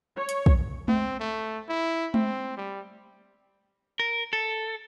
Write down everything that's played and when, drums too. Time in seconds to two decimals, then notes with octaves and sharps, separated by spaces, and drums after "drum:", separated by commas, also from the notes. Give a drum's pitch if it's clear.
0.17 C#5
0.29 drum: hi-hat
0.46 drum: kick
0.88 C4, drum: tom G#3
1.20 A3
1.69 E4
2.14 C4, drum: tom G#3
2.57 G3
4.00 A#4
4.33 A4